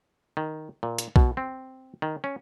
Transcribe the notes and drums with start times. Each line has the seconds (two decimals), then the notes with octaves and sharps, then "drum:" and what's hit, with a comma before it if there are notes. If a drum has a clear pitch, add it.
0.37 D#3
0.83 A#2
0.98 drum: hi-hat
1.16 B2, drum: kick B1
1.37 C4
2.02 D#3
2.24 C#4